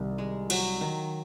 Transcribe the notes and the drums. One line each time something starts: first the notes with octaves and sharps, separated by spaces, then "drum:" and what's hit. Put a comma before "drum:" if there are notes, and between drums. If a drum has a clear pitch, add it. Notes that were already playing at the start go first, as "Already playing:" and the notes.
Already playing: C2 C3 D#3
G#3
F#3, drum: cymbal
D#3